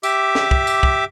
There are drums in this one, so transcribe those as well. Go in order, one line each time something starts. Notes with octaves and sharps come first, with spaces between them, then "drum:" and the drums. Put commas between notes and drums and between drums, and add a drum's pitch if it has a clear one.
G4 E5 D6, drum: tambourine
drum: snare
drum: kick
drum: tambourine
drum: kick